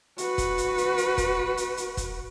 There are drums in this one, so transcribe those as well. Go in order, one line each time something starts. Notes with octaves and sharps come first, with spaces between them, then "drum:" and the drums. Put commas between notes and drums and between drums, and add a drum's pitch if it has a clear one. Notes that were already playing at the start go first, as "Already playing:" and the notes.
F#4 B4, drum: hi-hat
drum: kick E1, hi-hat
drum: hi-hat
drum: hi-hat
drum: hi-hat
drum: kick E1, hi-hat
drum: hi-hat
drum: hi-hat
drum: kick E1, hi-hat